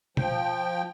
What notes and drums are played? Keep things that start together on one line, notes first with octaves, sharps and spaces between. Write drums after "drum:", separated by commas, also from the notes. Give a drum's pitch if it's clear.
F3 G5, drum: tom B2